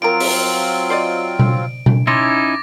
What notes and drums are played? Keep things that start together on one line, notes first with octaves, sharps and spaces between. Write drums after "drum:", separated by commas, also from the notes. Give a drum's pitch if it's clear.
F3 F#3 C4 F4 A#4 D7
drum: open hi-hat
C5 D5 D#5
drum: tom B2
drum: tom B2
C#4 D#4 E4 C6 D6 A6 A#6